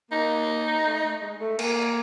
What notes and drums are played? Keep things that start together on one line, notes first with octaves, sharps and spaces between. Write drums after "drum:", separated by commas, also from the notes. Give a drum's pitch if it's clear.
A#3 D#4
A3
A3
G#3
A3
A#3, drum: cymbal